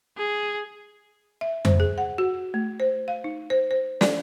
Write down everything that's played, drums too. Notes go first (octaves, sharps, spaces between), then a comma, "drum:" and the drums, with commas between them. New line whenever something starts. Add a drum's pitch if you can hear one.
G#4
E5
C5, drum: tom F2
G#4
F#5
F#4
A3
C5
F5
D#4
C5
C5
D5, drum: snare